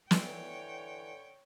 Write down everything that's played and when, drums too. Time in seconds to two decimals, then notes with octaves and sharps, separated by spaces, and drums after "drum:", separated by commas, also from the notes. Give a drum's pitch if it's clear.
0.11 D3 E3 C#5 G5, drum: snare